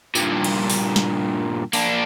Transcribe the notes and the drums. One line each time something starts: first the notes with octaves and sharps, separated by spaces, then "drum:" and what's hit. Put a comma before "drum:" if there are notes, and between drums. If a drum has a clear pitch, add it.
G2 A#2, drum: tambourine
drum: cymbal
drum: open hi-hat
drum: snare
A#3 D4, drum: open hi-hat